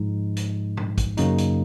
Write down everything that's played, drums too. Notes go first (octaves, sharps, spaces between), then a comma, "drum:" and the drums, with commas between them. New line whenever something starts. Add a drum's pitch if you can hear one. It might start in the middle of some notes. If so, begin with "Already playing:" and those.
Already playing: G#2 F3 G#3 D#4
drum: hi-hat
drum: tom A#2
drum: kick, hi-hat
F#2 C#3 F#3 A#3 D#4, drum: hi-hat
drum: hi-hat